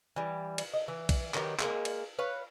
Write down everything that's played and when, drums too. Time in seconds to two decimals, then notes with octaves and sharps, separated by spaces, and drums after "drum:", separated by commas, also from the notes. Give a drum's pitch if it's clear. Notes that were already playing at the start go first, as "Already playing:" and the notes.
0.16 E3 G3
0.58 drum: cymbal
0.74 D#5
0.88 E3
1.09 drum: kick B1, cymbal
1.34 D#3 F#3 B3 G4, drum: clap
1.60 G#3 A#3, drum: clap
1.85 drum: cymbal
2.19 B4 C#5 F5